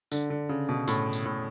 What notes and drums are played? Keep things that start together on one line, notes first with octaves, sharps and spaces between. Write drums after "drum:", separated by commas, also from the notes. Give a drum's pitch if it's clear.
D3, drum: tambourine
D3
C#3
B2
A2, drum: tambourine
drum: tambourine
A2